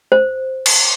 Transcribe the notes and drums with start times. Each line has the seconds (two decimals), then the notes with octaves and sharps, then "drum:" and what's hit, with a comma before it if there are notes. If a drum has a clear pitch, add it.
0.12 C5
0.66 drum: cymbal